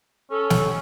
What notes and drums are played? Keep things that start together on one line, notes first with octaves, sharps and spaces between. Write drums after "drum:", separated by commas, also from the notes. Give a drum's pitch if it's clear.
C#4 A4
drum: snare